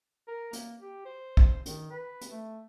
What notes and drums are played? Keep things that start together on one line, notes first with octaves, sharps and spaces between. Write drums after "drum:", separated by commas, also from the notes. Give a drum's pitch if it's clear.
A#4
A#3, drum: hi-hat
G4
C5
drum: kick
D#3, drum: hi-hat
B4
drum: hi-hat
A3